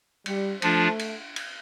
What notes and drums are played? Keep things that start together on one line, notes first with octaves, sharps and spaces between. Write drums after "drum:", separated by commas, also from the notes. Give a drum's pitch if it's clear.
G3, drum: cymbal
F3 A3 D4 F4, drum: cymbal
drum: cymbal
drum: cymbal